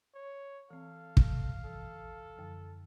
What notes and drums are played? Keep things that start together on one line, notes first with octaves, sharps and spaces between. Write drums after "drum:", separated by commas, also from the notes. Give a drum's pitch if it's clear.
C#5
E3 C4 A4 F5
drum: kick
E2 E3 A4
F#2 D3 F3